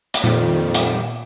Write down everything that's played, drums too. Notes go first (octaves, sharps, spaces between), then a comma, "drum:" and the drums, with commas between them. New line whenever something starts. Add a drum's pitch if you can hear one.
drum: hi-hat
F2 A#2 D#3 G3
drum: hi-hat